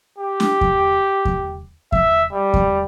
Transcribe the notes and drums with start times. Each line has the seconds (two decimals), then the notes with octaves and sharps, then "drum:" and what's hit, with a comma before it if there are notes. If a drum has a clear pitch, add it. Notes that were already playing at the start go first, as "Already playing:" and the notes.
0.18 G4
0.40 drum: snare
0.61 drum: kick E2
1.25 drum: kick E2
1.92 E5, drum: kick E2
2.32 G3
2.54 drum: kick E2